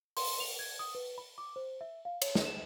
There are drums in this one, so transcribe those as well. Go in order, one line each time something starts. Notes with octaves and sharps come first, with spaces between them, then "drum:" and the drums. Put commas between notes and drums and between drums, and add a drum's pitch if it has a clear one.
C6, drum: open hi-hat
F7
G#6
D#6
B4
B5
D6
C5
E5
F5
C#5, drum: cymbal
drum: snare
E7